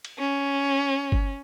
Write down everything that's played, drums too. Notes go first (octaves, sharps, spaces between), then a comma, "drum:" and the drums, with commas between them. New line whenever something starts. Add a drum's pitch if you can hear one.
drum: cymbal
C#4
drum: kick G1